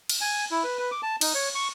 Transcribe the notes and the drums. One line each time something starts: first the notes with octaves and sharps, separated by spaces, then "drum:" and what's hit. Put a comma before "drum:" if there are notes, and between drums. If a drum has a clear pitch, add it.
drum: cymbal
G#5
E4
B4
B4
D6
A5
D#4, drum: cymbal
C#5
C#6